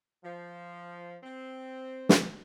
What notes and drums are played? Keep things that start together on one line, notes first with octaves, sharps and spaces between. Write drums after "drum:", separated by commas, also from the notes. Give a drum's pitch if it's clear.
F3
C4
drum: snare